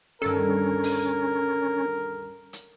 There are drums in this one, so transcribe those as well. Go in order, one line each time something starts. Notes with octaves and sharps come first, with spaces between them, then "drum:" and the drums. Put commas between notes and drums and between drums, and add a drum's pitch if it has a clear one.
D2 G2 D#3 C#4 A4 A#4
drum: open hi-hat
drum: hi-hat